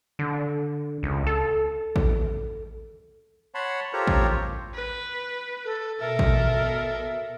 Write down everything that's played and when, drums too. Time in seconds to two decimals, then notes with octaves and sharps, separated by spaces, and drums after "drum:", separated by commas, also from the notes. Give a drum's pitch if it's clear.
0.19 D3
1.03 C#2
1.27 A4
1.96 drum: kick A1
3.54 C#5 F#5 A5 B5 C6
3.93 F4 G4 A4 A#4 C5 C#5
4.07 drum: kick A1
4.74 B4
5.64 A4
6.00 B2 A4 A#4 E5
6.19 drum: kick A1